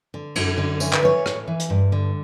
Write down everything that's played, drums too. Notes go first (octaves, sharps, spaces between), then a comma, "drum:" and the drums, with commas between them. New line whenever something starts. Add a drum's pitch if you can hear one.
D3
F#2 A4, drum: cymbal
D3
E3 C#5, drum: tambourine
B4, drum: clap
E3 C#5
A2, drum: rim click
E3
drum: hi-hat
G2
D3